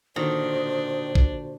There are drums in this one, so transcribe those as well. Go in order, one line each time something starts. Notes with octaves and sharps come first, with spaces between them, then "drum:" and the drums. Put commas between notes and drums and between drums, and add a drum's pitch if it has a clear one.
A#2 D3 D#3 D4 F#4 C5
drum: kick